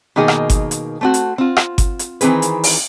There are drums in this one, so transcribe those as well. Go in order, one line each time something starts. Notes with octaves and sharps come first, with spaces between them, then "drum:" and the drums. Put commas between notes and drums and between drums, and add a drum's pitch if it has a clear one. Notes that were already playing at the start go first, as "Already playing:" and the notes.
B2 D#3 A#3 D#4 G#4
drum: rim click
drum: kick G1, hi-hat
drum: hi-hat
A3 C4 F#4
drum: hi-hat
C4 F4
drum: rim click
drum: kick G1, hi-hat
drum: hi-hat
D#3 E3 C4 G#4 B4, drum: hi-hat
drum: hi-hat
drum: open hi-hat